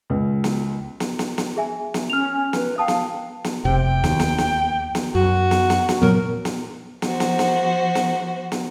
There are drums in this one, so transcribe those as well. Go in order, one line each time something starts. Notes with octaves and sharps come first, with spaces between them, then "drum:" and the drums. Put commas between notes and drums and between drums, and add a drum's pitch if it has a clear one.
C#2
drum: snare
drum: snare
drum: snare
drum: snare
G#4 E5 G#5
drum: snare
C#4 F6 F7
B4, drum: snare
F5 G5 A5 D#6
drum: snare
drum: snare
F1 C3 G5
D#2, drum: snare
drum: snare
drum: snare
drum: snare
F#2 F#4
drum: snare
drum: snare
drum: snare
A#2 F#3 B3 A#4
drum: snare
F3 F#4 C5, drum: snare
drum: snare
drum: snare
drum: snare
drum: snare